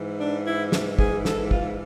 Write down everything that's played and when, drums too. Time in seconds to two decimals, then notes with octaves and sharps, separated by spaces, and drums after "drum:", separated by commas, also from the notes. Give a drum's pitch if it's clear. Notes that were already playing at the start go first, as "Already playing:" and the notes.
Already playing: G#2 E3
0.20 D4
0.46 E4
0.72 drum: snare
0.99 G#4, drum: kick
1.25 A4, drum: snare
1.51 F4, drum: kick